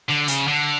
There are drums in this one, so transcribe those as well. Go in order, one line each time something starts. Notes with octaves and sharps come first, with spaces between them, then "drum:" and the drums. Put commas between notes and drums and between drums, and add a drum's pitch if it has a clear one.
D3
C#3, drum: hi-hat
D3